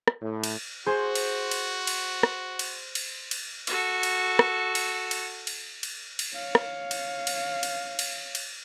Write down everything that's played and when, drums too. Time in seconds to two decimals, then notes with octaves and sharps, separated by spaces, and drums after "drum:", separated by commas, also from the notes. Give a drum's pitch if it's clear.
0.08 drum: rim click
0.22 A2
0.44 drum: cymbal
0.86 F#4 G#4 C5 C6
1.15 drum: cymbal
1.51 drum: cymbal
1.87 drum: cymbal
2.23 drum: rim click
2.59 drum: cymbal
2.95 drum: cymbal
3.31 drum: cymbal
3.67 F#4 A4, drum: cymbal
4.03 drum: cymbal
4.39 drum: rim click
4.75 drum: cymbal
5.11 drum: cymbal
5.47 drum: cymbal
5.83 drum: cymbal
6.19 drum: cymbal
6.34 C#5 F5
6.55 drum: rim click
6.91 drum: cymbal
7.27 drum: cymbal
7.63 drum: cymbal
7.99 drum: cymbal
8.35 drum: cymbal